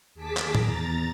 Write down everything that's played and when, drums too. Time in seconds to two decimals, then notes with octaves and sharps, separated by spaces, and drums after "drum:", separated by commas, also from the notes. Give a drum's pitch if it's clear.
0.15 D#2 G#4 A5 D6 B6
0.37 drum: clap
0.55 E2 A#5 A6, drum: tom A2